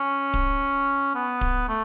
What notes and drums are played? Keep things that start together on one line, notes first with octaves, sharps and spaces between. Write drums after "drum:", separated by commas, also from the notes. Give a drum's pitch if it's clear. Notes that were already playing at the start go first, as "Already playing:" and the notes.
Already playing: C#4
drum: kick D1
B3
drum: kick D1
A3